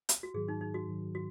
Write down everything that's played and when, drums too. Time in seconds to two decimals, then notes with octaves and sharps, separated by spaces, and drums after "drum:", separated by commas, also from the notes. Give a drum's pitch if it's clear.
0.09 drum: hi-hat
0.23 F#4
0.34 G#2 D#3 F#3 G#4
0.48 D#4
0.61 D#4
0.74 F#4
0.88 G#2 D#3 F#3
1.15 F#4